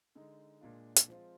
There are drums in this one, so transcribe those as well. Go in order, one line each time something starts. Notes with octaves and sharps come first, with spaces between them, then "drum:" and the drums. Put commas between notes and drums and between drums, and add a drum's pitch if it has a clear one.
D3 G#3 D#4
A#2 G#3 D4 F4
drum: hi-hat
F3 G#3 C4 F4